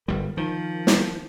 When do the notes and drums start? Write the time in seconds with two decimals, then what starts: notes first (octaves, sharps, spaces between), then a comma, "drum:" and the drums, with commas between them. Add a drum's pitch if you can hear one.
0.08 G1 G3 A#4
0.37 D#3 F3
0.87 drum: snare